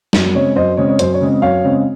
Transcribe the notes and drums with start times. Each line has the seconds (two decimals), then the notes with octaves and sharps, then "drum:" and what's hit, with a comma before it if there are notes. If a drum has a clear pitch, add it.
0.13 F#2, drum: snare
0.35 C#3 G#3 C4 C#5
0.56 F#2 C5 D#5
0.77 C#3 G#3 C4 C#5
0.89 C#5
0.99 F#2 C5, drum: hi-hat
1.14 C#5
1.21 C#3 G#3 C4
1.42 F#2 C#5 F5
1.64 C#3 G#3 C4